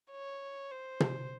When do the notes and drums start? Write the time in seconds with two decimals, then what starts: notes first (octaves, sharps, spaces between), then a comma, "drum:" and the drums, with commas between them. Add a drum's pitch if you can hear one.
0.11 C#5
0.71 C5
1.00 drum: tom